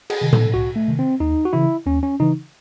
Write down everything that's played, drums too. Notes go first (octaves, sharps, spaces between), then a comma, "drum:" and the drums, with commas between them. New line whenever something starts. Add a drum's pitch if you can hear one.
G#4, drum: cymbal
C3 D#3
A4, drum: tom A2
C2 F#4
A3
C3 D#3
C4
D#2 D#4
F#4
C#3 E3 E4
D#2 C#4
C#4
C#3 E3 D#4